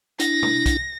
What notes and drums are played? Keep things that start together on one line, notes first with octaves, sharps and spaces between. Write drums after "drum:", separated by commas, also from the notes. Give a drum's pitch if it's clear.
D4 E4 A#6, drum: hi-hat
drum: tom
drum: kick, hi-hat